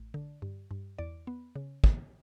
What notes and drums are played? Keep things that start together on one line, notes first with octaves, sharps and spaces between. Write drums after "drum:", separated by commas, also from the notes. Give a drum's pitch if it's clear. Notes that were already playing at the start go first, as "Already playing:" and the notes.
Already playing: A1
D3
G2
G2
E2 D5
B3
C#3
C#3, drum: kick